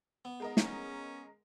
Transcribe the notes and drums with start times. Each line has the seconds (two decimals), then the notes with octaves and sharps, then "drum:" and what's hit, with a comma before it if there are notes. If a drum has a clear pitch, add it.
0.25 B3
0.40 G#3 A#4 D#5
0.57 C#4, drum: snare